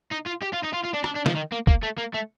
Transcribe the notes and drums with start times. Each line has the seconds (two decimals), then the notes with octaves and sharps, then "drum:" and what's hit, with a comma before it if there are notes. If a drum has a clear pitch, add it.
0.11 D#4
0.26 F4
0.42 G4
0.53 F4
0.63 D#4
0.73 F4
0.84 F4
0.94 D4
1.04 D4, drum: rim click
1.15 D4
1.26 F3, drum: snare
1.35 D#3
1.52 A#3
1.67 A#3, drum: kick F1
1.83 A3
1.98 A#3
2.14 A3